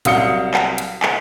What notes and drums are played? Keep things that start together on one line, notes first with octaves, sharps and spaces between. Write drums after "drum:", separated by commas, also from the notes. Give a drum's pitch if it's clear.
C2 F#3 F5 D#6 C#7 G7, drum: hi-hat
drum: clap
drum: hi-hat
drum: clap